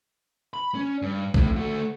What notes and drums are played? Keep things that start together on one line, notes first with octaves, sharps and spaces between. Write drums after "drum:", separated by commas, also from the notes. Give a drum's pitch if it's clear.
B5
C#4
G2
F2 A2, drum: kick
A3 F#4